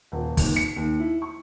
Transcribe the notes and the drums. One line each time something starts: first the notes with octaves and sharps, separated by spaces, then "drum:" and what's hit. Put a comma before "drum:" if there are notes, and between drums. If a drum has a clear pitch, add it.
D#1
D#2, drum: kick, open hi-hat
C#7
D#2
E4
C#6